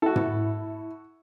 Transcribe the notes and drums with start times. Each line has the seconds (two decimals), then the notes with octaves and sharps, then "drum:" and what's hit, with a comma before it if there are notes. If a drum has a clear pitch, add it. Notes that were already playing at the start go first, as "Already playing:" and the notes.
0.02 E4 F#4 A4
0.16 drum: tom